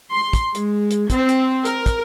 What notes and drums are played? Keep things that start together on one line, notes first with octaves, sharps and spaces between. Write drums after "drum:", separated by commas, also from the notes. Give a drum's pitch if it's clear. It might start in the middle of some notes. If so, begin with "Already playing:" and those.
C6
drum: kick, hi-hat
G#3, drum: hi-hat
drum: hi-hat
C4, drum: kick, hi-hat
drum: hi-hat
A#4, drum: hi-hat
drum: kick, hi-hat